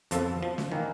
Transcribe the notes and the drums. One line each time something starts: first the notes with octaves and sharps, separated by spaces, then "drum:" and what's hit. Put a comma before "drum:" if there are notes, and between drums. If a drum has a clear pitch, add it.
F2 B2 F3 A4 A5, drum: hi-hat
F3
drum: snare
D#3 E3 A#3